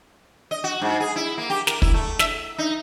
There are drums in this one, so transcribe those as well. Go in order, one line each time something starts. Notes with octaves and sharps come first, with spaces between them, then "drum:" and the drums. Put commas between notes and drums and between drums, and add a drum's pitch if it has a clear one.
D#5
F#4
G#2
G#4
E4
A#3
G4
A#4, drum: snare
E4, drum: kick
A3
E5, drum: snare
D#4